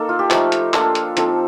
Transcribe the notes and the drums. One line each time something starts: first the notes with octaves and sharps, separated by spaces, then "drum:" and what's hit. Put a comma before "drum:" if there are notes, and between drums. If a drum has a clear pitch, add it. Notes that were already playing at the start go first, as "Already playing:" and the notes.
Already playing: A#3 D#4 A4
F4
G4
F3 A3 D#4, drum: clap
drum: hi-hat
A#3 D4 F4 A4, drum: clap
drum: hi-hat
F3 C4 D#4 A4, drum: hi-hat